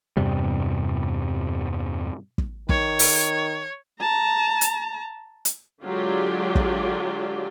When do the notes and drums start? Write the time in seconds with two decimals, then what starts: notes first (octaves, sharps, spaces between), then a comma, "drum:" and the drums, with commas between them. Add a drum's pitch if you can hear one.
0.17 E2 G2 C3 G3
2.38 drum: kick
2.69 D#3 C#5, drum: kick
2.99 drum: open hi-hat
4.00 A5 A#5
4.61 drum: hi-hat
5.45 drum: hi-hat
5.83 D3 F#3 G#3 F4 G4 D5
6.55 drum: kick